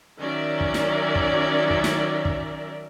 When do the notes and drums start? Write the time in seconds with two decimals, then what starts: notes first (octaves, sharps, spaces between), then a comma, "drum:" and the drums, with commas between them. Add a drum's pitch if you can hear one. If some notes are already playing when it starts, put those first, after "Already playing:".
0.19 D#3 F#3 C#4 A#4 D5 E5
0.61 drum: kick
0.74 drum: snare
1.15 drum: kick
1.70 drum: kick
1.84 drum: snare
2.25 drum: kick